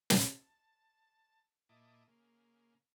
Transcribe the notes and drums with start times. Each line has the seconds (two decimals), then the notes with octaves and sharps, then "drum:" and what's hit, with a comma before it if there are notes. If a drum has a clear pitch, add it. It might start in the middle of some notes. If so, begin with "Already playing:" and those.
0.10 drum: snare
0.22 A5
1.69 A#2 E4 D#5 A5 D6
2.08 C#3 A#3